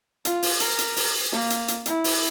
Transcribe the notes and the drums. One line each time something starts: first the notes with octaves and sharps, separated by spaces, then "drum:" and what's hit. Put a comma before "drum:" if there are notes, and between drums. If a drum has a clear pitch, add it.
F4, drum: hi-hat
drum: open hi-hat
A#4, drum: hi-hat
drum: hi-hat
drum: open hi-hat
A#3, drum: snare
drum: hi-hat
drum: hi-hat
E4, drum: hi-hat
drum: open hi-hat